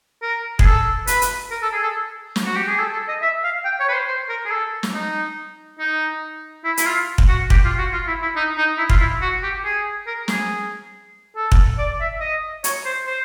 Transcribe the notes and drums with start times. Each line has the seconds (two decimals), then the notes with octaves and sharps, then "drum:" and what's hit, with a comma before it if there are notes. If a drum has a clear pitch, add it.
0.22 A#4
0.59 G#4, drum: kick
0.66 A4
1.07 B4, drum: hi-hat
1.22 drum: hi-hat
1.51 A#4
1.62 A4
1.72 G#4
1.82 A4
2.36 drum: snare
2.45 F#4
2.56 G4
2.67 G#4
2.79 A4
2.93 A4
3.08 D#5
3.22 E5
3.44 F5
3.65 G5
3.80 C#5
3.89 B4
3.93 C5
4.07 C5
4.29 A#4
4.45 G#4
4.51 A4
4.83 drum: snare
4.94 D#4
5.79 D#4
6.64 E4
6.77 E4, drum: hi-hat
6.86 F4
7.18 drum: kick
7.28 F#4
7.50 G4, drum: kick
7.65 F4
7.78 F#4
7.92 F4
8.07 E4
8.22 E4
8.36 D#4
8.58 D#4
8.78 E4
8.90 F4, drum: kick
9.00 E4
9.21 F#4
9.43 G4
9.65 G#4
10.07 A#4
10.28 G#4, drum: snare
11.36 A4
11.52 drum: kick
11.78 D5
12.00 E5
12.21 D#5
12.64 C#5, drum: hi-hat
12.85 C5
13.06 C5